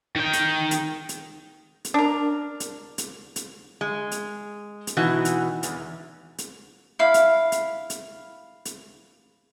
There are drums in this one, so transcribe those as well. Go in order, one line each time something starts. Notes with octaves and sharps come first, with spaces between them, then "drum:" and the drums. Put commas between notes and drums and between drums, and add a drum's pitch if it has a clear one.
D#3 G5
drum: hi-hat
drum: hi-hat
drum: hi-hat
drum: hi-hat
D4 A#4
drum: hi-hat
drum: hi-hat
drum: hi-hat
G#3
drum: hi-hat
drum: hi-hat
B2 E3 D#4 F#4
drum: hi-hat
E2, drum: hi-hat
drum: hi-hat
E4 F5
drum: hi-hat
drum: hi-hat
drum: hi-hat
drum: hi-hat